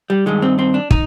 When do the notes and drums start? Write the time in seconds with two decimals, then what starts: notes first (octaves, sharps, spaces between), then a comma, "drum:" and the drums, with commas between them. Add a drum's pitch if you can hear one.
0.10 G3
0.26 G2 D#3 G#3
0.42 C4
0.59 C4
0.74 D4
0.91 D#4, drum: kick